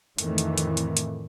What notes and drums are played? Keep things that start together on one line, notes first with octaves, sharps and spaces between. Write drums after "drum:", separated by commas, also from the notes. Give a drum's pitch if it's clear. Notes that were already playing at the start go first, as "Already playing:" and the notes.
F2 A2 D#3 E3 A3, drum: hi-hat
drum: hi-hat
drum: hi-hat
drum: hi-hat
drum: hi-hat